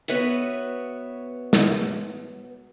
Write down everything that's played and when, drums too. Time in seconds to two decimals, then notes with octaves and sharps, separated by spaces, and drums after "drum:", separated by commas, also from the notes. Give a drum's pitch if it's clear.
0.08 B3 F#4 B4 C#5 E5, drum: hi-hat
1.53 drum: snare